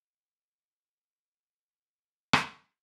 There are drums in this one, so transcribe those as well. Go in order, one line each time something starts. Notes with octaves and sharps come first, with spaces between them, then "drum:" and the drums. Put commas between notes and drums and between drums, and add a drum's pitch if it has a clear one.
G5
D#2
A#4
drum: rim click